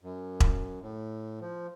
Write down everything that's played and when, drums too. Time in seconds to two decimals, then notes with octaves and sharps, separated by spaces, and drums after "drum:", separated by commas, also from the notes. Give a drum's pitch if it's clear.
0.01 F#2
0.40 drum: kick E1
0.82 A2
1.41 F3